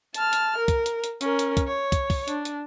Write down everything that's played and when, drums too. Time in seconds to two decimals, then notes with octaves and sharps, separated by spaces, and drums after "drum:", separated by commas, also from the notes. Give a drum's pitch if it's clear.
0.14 A5 F6, drum: hi-hat
0.33 drum: hi-hat
0.58 A#4
0.68 drum: kick, hi-hat
0.86 drum: hi-hat
1.04 drum: hi-hat
1.21 C#4 A#4, drum: hi-hat
1.39 drum: hi-hat
1.57 drum: kick, hi-hat
1.67 C#5
1.92 drum: kick, hi-hat
2.10 drum: kick, open hi-hat
2.28 D4, drum: hi-hat
2.45 drum: hi-hat